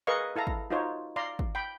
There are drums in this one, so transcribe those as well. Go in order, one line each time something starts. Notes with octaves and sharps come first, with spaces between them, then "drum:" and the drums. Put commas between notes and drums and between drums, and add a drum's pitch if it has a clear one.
G#4 A#4 B4 D#5 F5 C#6
E4 A4 F5 A#5
drum: kick
D#4 F4 F#4 C5 C#5
D5 F5 A#5 C6
drum: kick
G5 B5